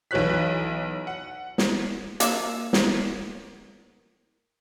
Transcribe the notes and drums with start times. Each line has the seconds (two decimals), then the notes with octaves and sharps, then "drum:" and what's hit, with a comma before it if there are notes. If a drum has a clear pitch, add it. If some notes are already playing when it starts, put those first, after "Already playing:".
0.11 B1 E3 F#4 C#5 F#6 B6
1.07 F#5
1.58 drum: snare
2.20 A#3 E5, drum: hi-hat
2.73 drum: snare